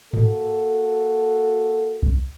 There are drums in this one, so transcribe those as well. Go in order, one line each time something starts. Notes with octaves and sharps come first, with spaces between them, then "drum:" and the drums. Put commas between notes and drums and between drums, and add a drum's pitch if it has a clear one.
A#3 F#4 A4, drum: tom G#2
drum: kick B1